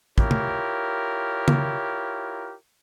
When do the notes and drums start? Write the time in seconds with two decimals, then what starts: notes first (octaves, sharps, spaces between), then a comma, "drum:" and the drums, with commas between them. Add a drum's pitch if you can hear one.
0.18 E4 F4 G4 A#4 C#5, drum: kick
0.31 drum: tom C3
1.48 drum: tom